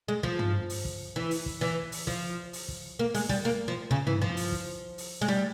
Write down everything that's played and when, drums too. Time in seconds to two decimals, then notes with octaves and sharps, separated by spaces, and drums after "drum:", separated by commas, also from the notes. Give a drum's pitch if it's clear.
0.08 G#3
0.23 F3, drum: kick
0.39 drum: tom
0.70 drum: open hi-hat
0.85 drum: kick
1.16 E3
1.31 drum: open hi-hat
1.46 drum: kick
1.61 E3
1.92 drum: open hi-hat
2.07 F3, drum: kick
2.53 drum: open hi-hat
2.68 drum: kick
2.99 A#3
3.14 G#3, drum: open hi-hat
3.29 G3, drum: kick
3.45 A#3
3.68 F3
3.91 C#3, drum: kick
4.07 E3, drum: tom
4.22 F3
4.37 drum: open hi-hat
4.52 drum: kick
4.98 drum: open hi-hat
5.21 G#3
5.28 G3